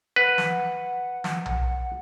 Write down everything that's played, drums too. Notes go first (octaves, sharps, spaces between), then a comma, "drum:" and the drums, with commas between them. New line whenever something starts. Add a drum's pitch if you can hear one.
B4 F#5
drum: snare
drum: snare
drum: tom B1